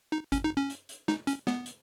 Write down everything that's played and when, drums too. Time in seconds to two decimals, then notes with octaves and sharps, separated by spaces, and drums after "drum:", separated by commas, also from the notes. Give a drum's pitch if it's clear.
0.12 D#4
0.32 C#4, drum: kick G#1, hi-hat
0.44 D#4
0.57 C#4
0.70 drum: hi-hat
0.89 drum: hi-hat
1.08 D#4, drum: snare
1.27 C#4, drum: hi-hat
1.47 B3, drum: snare
1.66 drum: hi-hat